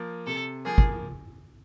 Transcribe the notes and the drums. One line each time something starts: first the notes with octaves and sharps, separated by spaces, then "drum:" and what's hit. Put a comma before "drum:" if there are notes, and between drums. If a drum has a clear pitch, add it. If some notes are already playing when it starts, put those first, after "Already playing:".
Already playing: F3 A#3
C3 A4
F3 A#3 G#4
drum: kick